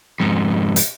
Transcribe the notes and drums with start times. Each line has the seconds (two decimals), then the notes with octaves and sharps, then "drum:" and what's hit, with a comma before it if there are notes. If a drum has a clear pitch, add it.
0.20 F2 G#2
0.76 drum: hi-hat